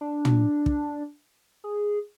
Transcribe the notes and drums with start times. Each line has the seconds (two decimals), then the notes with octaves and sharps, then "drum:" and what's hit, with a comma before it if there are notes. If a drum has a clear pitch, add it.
0.01 D4
0.25 drum: tom
0.66 drum: kick
1.64 G#4